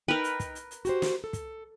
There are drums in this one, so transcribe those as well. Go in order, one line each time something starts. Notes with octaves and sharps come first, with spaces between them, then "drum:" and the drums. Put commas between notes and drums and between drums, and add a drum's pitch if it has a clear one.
D#4 A#4 B4 G5
drum: hi-hat
drum: kick, hi-hat
drum: hi-hat
drum: hi-hat
F#4 G4 C5, drum: hi-hat
drum: snare
A4
drum: kick, hi-hat